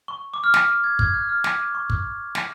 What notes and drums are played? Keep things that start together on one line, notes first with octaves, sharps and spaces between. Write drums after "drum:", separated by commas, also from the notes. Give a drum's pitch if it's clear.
C#6
D6
F6
drum: snare
G#6
G#6, drum: kick
F#6
F6
D6, drum: snare
C#6
drum: kick
drum: snare